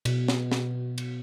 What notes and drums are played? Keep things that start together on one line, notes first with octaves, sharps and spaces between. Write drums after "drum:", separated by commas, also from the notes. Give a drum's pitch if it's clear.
B2, drum: cymbal
drum: snare
drum: snare
drum: cymbal